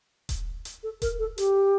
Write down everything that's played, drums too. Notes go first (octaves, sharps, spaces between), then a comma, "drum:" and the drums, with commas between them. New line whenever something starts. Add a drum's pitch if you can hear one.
drum: kick D#1, hi-hat
drum: hi-hat
A4
A#4, drum: kick D#1, hi-hat
A4
G4, drum: hi-hat